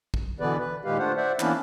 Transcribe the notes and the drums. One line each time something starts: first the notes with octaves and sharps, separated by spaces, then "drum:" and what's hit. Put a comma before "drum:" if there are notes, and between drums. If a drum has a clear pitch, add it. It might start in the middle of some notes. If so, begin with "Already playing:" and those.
drum: kick
B2 D3 E3 B3 B4 D5
B4
A#2 D#3 G#3 G4 B4 F5
A3 D4 F4 C5 F#5
C5 D5 E5 F#5
E3 A#3 B3 C#4 D4 E4, drum: clap